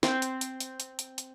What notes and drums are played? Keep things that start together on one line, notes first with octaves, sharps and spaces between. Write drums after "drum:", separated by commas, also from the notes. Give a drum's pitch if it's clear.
C4, drum: snare
drum: hi-hat
drum: hi-hat
drum: hi-hat
drum: hi-hat
drum: hi-hat
drum: hi-hat